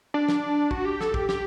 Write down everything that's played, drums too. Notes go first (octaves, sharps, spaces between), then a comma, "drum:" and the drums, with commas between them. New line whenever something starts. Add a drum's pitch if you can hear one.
D4
drum: snare
F#4, drum: kick
G4
A4, drum: snare
G4, drum: kick
G4, drum: snare